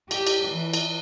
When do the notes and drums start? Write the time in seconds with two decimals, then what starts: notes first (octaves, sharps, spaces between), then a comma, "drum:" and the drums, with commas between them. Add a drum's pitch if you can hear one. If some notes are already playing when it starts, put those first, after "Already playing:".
0.11 G4, drum: cymbal
0.27 drum: cymbal
0.48 E3
0.74 drum: cymbal